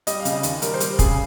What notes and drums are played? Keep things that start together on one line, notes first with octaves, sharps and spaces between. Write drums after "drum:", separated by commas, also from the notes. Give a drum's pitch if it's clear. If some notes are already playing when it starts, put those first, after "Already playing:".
G3 D#5, drum: hi-hat
F5
C#3, drum: hi-hat
D#5
D#2, drum: hi-hat
G3 A#4, drum: hi-hat
C5
G3 A#4, drum: hi-hat
C#3 G#4, drum: kick, hi-hat